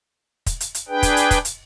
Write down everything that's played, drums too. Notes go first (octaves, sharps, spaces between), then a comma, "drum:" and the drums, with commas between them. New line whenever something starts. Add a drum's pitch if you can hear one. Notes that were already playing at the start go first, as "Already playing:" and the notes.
drum: kick, hi-hat
drum: hi-hat
drum: hi-hat
D4 G#4 B4 G5
drum: kick, hi-hat
drum: hi-hat
drum: kick, hi-hat
drum: hi-hat